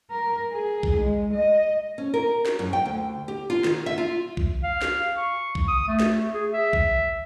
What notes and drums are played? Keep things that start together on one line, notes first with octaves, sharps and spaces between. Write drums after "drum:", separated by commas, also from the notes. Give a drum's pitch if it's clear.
A#4
G#4
drum: kick B1
G#3
D#5
C#4
A#4
drum: snare
F#2
G5
D2
G4
F4
D#3, drum: snare
E5
F4
drum: kick B1
F5
drum: snare
C#6
drum: kick B1
D#6
A3
drum: snare
G#4
E5
drum: kick B1